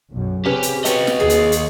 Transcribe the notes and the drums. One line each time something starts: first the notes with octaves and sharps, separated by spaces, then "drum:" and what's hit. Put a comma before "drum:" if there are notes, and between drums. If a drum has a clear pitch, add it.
B1 F#2
C#3 C4 C#4 G4 B4
drum: hi-hat
B3 F#4 G4 C#5 D#5, drum: hi-hat
drum: snare
D#2 G#4
drum: hi-hat
drum: hi-hat